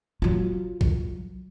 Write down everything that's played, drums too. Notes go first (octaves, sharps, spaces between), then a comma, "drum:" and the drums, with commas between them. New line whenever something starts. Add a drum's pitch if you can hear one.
F#3 F4
drum: kick